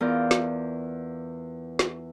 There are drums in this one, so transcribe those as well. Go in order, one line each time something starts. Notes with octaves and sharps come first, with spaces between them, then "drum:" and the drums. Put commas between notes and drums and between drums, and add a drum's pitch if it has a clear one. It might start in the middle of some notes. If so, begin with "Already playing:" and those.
E2 F4 A#4 D5 G6
drum: snare
drum: snare